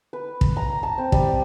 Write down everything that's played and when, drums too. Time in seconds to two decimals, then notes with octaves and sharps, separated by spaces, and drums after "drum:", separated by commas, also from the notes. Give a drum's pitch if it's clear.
0.13 B4
0.41 drum: kick
0.57 A#5
0.83 A5
0.98 C4
1.12 G3, drum: kick